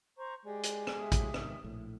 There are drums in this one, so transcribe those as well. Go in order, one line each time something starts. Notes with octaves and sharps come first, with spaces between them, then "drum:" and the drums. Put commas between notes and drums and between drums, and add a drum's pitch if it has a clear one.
C5 A#5 C#6
G#3 G4 D5
drum: hi-hat
drum: rim click
G4 E5 D#6
A2 F#3, drum: kick A1, hi-hat
G#2 C3 D#3, drum: rim click
A#1 A2